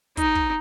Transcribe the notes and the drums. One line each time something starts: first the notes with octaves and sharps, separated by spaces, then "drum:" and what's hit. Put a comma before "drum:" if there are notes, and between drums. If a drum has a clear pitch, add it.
D#4, drum: kick, hi-hat
drum: kick